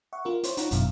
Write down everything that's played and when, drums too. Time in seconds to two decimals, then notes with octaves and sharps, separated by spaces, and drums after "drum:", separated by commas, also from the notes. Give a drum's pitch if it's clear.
0.13 E5 F#5 C#6
0.25 F4 A#4
0.43 E4 C5 C#5, drum: hi-hat
0.57 D4 D#4 F4 C#5 F#5 A#5, drum: hi-hat
0.71 G#1 F#2 B2 E5 F5, drum: hi-hat